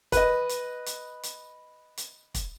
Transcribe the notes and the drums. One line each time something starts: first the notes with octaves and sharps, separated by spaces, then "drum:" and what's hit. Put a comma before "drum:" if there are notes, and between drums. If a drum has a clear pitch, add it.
B4 D#5, drum: kick, hi-hat
drum: hi-hat
drum: hi-hat
drum: hi-hat
drum: hi-hat
drum: kick, hi-hat